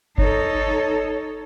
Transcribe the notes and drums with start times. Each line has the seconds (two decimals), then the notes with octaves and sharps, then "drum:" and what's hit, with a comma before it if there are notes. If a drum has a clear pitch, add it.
0.18 D#4 A4 C#5, drum: kick G1